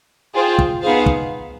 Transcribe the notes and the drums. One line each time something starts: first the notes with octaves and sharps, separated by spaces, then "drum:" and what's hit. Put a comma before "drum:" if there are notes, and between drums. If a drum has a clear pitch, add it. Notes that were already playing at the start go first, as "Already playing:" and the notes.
F4 G#4 C5 G5
drum: kick
B3 D#4 G#4 C5 F5
drum: kick